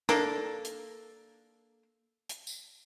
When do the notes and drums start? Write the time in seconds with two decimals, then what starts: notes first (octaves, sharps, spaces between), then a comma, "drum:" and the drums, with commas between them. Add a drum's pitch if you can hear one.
0.09 A#3 D4 A4, drum: snare
0.64 drum: hi-hat
2.29 drum: hi-hat
2.47 drum: tambourine